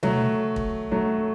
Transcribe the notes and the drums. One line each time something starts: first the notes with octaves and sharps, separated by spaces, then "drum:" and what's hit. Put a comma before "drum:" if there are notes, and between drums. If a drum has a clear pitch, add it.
F#3 A3, drum: tom B2
drum: kick
F#3 A3